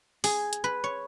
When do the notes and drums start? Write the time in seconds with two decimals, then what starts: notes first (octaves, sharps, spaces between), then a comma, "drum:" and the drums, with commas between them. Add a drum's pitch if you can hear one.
0.24 G#4, drum: open hi-hat
0.53 drum: hi-hat
0.64 B4
0.84 C#5